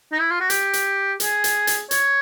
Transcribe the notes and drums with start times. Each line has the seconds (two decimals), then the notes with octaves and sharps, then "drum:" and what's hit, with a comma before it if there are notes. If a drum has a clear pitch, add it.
0.12 D#4
0.21 E4
0.31 F4
0.41 F#4
0.50 G4, drum: hi-hat
0.73 drum: hi-hat
1.20 G#4, drum: hi-hat
1.44 drum: hi-hat
1.67 drum: hi-hat
1.91 C#5, drum: hi-hat